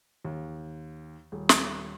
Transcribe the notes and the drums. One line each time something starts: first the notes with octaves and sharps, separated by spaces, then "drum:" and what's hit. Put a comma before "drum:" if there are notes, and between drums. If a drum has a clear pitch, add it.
D#2
D#1
drum: snare